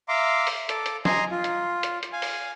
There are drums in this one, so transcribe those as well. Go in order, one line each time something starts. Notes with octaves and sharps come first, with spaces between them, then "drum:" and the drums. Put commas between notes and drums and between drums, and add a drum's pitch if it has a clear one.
E5 F5 A#5 C6 D6
drum: open hi-hat
A4 D6, drum: hi-hat
drum: hi-hat
D#5 G#5 A#5 C6, drum: snare
F4
drum: hi-hat
drum: hi-hat
drum: hi-hat
F5 G#5
drum: open hi-hat